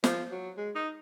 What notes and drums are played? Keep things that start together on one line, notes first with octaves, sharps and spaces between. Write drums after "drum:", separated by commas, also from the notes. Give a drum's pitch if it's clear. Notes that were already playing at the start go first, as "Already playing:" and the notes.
F3, drum: snare
F#3
G#3
D#4